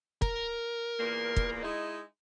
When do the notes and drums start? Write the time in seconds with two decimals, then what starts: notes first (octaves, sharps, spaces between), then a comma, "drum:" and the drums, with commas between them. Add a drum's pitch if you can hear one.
0.22 A#4, drum: kick
0.99 E2 A#2 A#3
1.37 drum: kick
1.63 G#3 D#4 E4